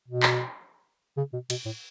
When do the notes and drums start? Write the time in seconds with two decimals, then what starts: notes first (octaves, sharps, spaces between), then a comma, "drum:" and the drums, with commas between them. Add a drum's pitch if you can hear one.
0.08 B2
0.23 drum: clap
1.17 C#3
1.33 B2
1.50 B2, drum: cymbal
1.65 A2